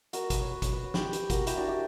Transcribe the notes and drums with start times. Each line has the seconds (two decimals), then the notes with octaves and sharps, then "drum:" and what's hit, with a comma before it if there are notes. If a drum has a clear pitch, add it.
0.13 F#4 A#4, drum: hi-hat
0.30 B4, drum: kick, hi-hat
0.41 C#5
0.51 B4
0.62 C#5, drum: kick, hi-hat
0.73 B4
0.84 C#5
0.94 G4 B4, drum: snare
1.13 G4 B4, drum: hi-hat
1.30 F#4 A#4, drum: kick, hi-hat
1.47 E4 G4, drum: hi-hat
1.57 D4 F#4
1.68 E4 G4